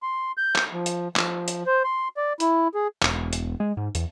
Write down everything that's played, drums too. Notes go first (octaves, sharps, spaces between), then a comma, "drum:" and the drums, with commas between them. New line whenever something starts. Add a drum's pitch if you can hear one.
C6
G6
drum: clap
F3
drum: hi-hat
F3, drum: clap
drum: hi-hat
C5
C6
D5
E4, drum: hi-hat
G#4
E1, drum: clap
drum: hi-hat
G#3
G#2
E2, drum: hi-hat